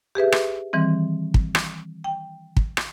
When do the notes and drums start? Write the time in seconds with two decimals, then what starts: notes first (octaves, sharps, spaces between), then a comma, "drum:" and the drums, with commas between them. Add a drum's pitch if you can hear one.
0.15 G4 G#4 B4 E5
0.32 drum: rim click
0.73 D#3 E3 G3 C4
1.34 drum: kick
1.55 drum: rim click
2.04 G5
2.57 drum: kick
2.77 drum: rim click